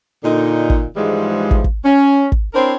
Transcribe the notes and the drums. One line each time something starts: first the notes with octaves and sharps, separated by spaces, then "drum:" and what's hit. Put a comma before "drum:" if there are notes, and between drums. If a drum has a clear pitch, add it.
A#2 D3 D#4
drum: kick
G#2 E3 F3 G3 G#3
drum: kick
drum: kick
C#4
drum: kick
C4 D4 E4 A#4 C5 C#5